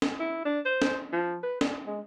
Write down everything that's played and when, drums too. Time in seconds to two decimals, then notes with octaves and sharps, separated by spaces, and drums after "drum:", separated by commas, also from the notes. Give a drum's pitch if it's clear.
0.02 drum: snare
0.19 E4
0.45 D4
0.66 C5
0.82 drum: snare
1.12 F3
1.43 B4
1.61 D4, drum: snare
1.87 G#3